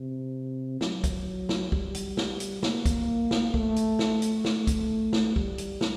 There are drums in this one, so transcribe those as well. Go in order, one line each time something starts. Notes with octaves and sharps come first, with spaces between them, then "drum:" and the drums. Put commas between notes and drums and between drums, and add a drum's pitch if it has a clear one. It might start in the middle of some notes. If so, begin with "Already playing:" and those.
Already playing: C3
F#3, drum: snare
drum: kick, hi-hat
drum: snare
G3, drum: kick
drum: hi-hat
drum: snare
drum: hi-hat
A#3, drum: snare
drum: kick, hi-hat
drum: snare
A3, drum: kick
drum: hi-hat
drum: snare
drum: hi-hat
drum: snare
drum: kick, hi-hat
drum: snare
G3, drum: kick
drum: hi-hat
drum: snare